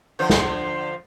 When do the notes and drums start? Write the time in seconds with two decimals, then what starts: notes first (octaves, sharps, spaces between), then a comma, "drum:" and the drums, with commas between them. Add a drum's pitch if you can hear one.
0.19 D3 F3 C5
0.30 drum: snare